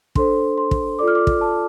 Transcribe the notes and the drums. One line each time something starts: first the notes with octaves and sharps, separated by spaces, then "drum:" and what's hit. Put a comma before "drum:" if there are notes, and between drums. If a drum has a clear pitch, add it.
D4 A4 C5 C6, drum: kick
C6
drum: kick
F4 A4 D5 D6
F6
D6
drum: kick
A5